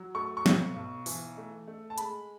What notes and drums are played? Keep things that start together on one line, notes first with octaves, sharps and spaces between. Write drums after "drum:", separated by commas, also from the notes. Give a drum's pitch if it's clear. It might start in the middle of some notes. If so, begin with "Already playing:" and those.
Already playing: F#3
A3 C#6
C#6
B1, drum: snare
B1
E3, drum: open hi-hat
A3
A3
A5
G#3 B5, drum: hi-hat